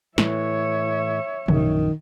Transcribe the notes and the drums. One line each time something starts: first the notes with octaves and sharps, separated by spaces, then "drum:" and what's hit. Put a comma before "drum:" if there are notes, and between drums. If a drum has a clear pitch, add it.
A2 E3 C#5 E5, drum: snare
A#1 F#2 D#3, drum: tom